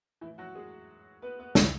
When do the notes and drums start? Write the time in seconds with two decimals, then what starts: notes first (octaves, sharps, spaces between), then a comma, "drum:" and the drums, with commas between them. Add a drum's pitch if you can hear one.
0.21 A2 E3 E4
0.38 F#3 F#4
0.55 G#3 G#4
1.22 B3 B4
1.39 B3 B4
1.55 A2 E3 C#4 C#5, drum: snare